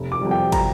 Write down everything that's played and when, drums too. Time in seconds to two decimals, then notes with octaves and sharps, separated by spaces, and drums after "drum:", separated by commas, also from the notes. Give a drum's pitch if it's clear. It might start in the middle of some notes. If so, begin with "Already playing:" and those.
Already playing: F1
0.12 D6
0.21 F2 C3 G3
0.31 G5
0.52 A#5, drum: kick, cymbal